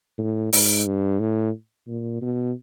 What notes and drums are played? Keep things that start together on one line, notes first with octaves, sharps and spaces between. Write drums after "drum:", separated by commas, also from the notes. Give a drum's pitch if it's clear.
A2
G#2, drum: open hi-hat
G2
A2
A#2
B2